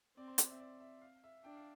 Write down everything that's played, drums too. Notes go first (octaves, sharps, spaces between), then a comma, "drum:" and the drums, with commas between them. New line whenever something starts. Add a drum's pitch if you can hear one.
C4 D5
C5
D5, drum: hi-hat
E5
D5
E5
F5
E5
D4 G5
F5